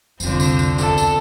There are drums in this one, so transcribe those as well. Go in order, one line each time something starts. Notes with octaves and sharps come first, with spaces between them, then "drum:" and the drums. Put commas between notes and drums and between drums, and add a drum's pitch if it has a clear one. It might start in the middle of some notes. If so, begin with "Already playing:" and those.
C2 F2 D3 F3 C4, drum: tambourine
drum: tambourine
drum: tambourine
E2 A4, drum: tambourine
drum: tambourine